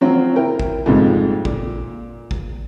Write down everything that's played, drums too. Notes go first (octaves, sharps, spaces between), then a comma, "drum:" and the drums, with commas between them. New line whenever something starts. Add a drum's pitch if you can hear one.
F3 F#3 C4 F4
E4 A#4 G5
drum: kick G#1
F2 G#2 C3 G3
A#2, drum: kick G#1
drum: kick G#1